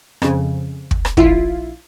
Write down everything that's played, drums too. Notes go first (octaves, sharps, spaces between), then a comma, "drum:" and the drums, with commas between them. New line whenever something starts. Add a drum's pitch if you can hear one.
F2 C#3, drum: rim click
drum: kick
drum: rim click
A#1 E4 F4, drum: kick